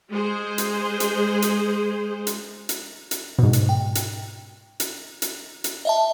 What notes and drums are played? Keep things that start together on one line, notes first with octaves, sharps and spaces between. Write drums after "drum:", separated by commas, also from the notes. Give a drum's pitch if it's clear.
G#3 G#4 C5
drum: hi-hat
drum: hi-hat
drum: hi-hat
drum: hi-hat
drum: hi-hat
drum: hi-hat
G#2 B2
drum: hi-hat
G5
drum: hi-hat
drum: hi-hat
drum: hi-hat
drum: hi-hat
D#5 E5 A5